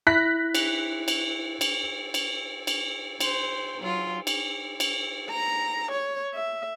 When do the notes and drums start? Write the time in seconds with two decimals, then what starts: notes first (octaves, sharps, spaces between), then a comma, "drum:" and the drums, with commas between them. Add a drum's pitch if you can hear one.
0.07 E4 F#6 A#6 B6
0.55 drum: cymbal
1.08 drum: cymbal
1.61 drum: cymbal
2.14 drum: cymbal
2.67 drum: cymbal
3.20 C5, drum: cymbal
3.79 F#3 F4
4.27 drum: cymbal
4.80 drum: cymbal
5.30 A#5
5.92 C#5
6.35 E5